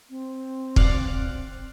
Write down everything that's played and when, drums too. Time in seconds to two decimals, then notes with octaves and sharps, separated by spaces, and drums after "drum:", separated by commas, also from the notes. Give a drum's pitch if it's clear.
0.10 C4
0.76 D5 F5 F#5, drum: kick